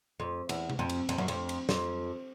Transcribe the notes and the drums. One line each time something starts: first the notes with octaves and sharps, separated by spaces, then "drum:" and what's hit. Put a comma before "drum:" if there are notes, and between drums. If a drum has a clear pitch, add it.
F2
E2, drum: cymbal
drum: tom C3
F2
drum: cymbal
F2, drum: cymbal
F#2
F2, drum: cymbal
drum: cymbal
F2, drum: snare